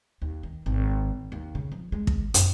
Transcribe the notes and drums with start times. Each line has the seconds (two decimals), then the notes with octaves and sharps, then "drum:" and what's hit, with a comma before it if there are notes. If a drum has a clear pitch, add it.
0.22 D#2
0.43 D#3
0.66 G#1
1.32 D#2
1.55 C#3
1.72 F3
1.92 G#3
2.07 drum: kick
2.34 F#2, drum: hi-hat